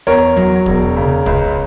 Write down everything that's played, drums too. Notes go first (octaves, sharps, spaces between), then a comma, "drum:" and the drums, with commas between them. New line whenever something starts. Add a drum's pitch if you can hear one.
E2 A#4 C#5, drum: snare
F#3, drum: snare
E1, drum: kick
C#3
C#2, drum: kick